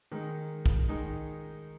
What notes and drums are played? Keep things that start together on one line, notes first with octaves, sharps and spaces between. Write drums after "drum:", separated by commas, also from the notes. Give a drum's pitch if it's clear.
D#3 G#3 D#4
drum: kick B1
D#3 G#3 D#4